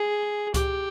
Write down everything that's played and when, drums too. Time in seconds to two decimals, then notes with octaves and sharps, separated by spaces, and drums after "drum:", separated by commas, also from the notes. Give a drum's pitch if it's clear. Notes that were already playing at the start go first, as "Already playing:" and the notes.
Already playing: G#4
0.54 G4, drum: kick C#2, hi-hat